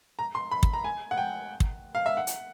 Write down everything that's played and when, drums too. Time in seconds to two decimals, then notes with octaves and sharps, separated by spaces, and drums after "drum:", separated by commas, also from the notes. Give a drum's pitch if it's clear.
0.19 A#5
0.35 C6
0.51 B5
0.63 drum: kick
0.73 A#5
0.84 G#5
1.11 F#5
1.17 G5
1.60 drum: kick
1.95 F5
2.06 E5
2.17 F#5
2.27 drum: hi-hat